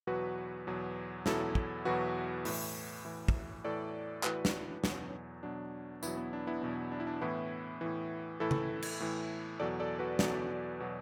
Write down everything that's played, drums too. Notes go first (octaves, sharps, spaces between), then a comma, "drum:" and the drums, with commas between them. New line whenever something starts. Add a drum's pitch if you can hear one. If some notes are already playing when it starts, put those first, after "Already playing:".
E2 B2 F#3 F#4 B4
E2 B2 F#3
E2 B2 F#3 E4 A4, drum: snare
drum: kick
E2 B2 F#3 F#4 B4
A2 E3, drum: open hi-hat
A2 E3
drum: kick
A2 E3 A4 D5
A2 E3 F#4 B4, drum: clap
drum: snare
E2 B2 F#3, drum: snare
E2 B2 F#3 D4
E2 B2 F#3 B3 E4, drum: tambourine
B3
D4
B3 E4
E2 B2 F#3
D4
E4
D4
A2 E3 B3 E4
A2 E3
A2 E3 E4 A4
drum: tom C#3
drum: cymbal
A2 E3
E2 B2 F#3 A4 D5
A4 D5
F#4 B4
E2 B2 F#3 A4 D5, drum: snare
B2 F#3